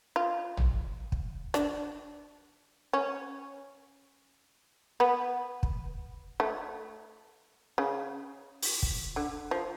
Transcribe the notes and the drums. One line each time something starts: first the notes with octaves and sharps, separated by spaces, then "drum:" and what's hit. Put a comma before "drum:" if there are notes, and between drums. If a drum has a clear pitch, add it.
F4
drum: tom
drum: kick
D4, drum: rim click
C#4
B3
drum: kick
A3
C#3
drum: open hi-hat
drum: kick
D3
F3